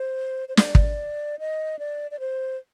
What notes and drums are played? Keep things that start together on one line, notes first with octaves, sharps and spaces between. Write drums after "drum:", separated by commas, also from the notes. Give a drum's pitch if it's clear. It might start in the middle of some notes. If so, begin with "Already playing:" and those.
Already playing: C5
C5
D5, drum: snare
drum: kick
D#5
D5
D5
C5